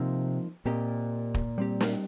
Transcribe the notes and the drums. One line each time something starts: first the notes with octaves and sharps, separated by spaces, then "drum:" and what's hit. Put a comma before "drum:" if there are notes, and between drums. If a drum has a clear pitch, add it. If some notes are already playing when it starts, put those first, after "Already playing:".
Already playing: C3 F3 A#3 D#4 C5
A#2 C4 G4 A#4 D#5
drum: kick
G3 C4 G4
drum: snare